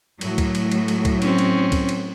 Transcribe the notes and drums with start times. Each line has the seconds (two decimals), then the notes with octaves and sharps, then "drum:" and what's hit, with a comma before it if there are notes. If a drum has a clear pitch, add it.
0.21 A2 F#3, drum: cymbal
0.38 drum: kick C2, cymbal
0.55 drum: cymbal
0.71 drum: cymbal
0.88 drum: cymbal
1.05 drum: kick C2, cymbal
1.22 C4 C#4, drum: cymbal
1.38 drum: cymbal
1.72 drum: kick C2, cymbal
1.89 drum: cymbal